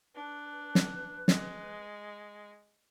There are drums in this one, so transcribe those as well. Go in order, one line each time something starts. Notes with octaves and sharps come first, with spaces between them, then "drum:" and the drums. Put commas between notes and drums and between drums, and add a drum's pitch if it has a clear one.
D4 B4
drum: snare
G#3, drum: snare